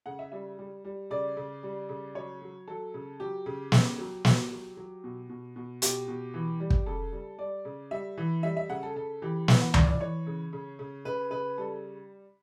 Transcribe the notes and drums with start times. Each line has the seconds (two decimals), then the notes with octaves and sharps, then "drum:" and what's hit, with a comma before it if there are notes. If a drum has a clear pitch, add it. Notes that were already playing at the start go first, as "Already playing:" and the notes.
0.06 C#3 F#5
0.19 E5
0.32 G3 E5
0.59 G3
0.84 G3
1.11 C#3 D5
1.37 C#3
1.63 G3
1.89 C#3
2.15 F#3 C#5
2.42 F#3
2.68 F#3 A4
2.94 C#3
3.20 F#3 G4
3.46 C#3
3.72 C#3, drum: snare
3.98 F#3
4.25 F#3, drum: snare
4.51 F#3
4.77 F#3
5.04 B2
5.29 B2
5.56 B2
5.82 B2 G4, drum: hi-hat
6.08 B2
6.34 E3
6.60 G3
6.70 drum: kick
6.86 C#3 A4
7.12 G3
7.38 G3 D5
7.65 C#3
7.91 G3 E5
8.18 E3
8.43 G3 E5
8.57 E5
8.70 C#3 F#5
8.83 A4
8.96 C#3 A4
9.22 E3 G4
9.48 E3 B4, drum: snare
9.61 F#5
9.74 E3 D5, drum: tom C#2
9.87 D5
10.00 E3 C#5
10.27 C#3
10.53 C#3
10.79 C#3
11.05 C#3 B4
11.31 C#3 B4
11.58 G3 A4